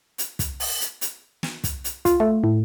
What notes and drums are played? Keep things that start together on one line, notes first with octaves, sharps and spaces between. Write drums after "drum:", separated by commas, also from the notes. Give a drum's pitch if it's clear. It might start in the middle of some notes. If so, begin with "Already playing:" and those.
drum: hi-hat
drum: kick, hi-hat
drum: open hi-hat
drum: hi-hat
drum: hi-hat
drum: snare
drum: kick, hi-hat
drum: hi-hat
F4, drum: kick, hi-hat
A3
A2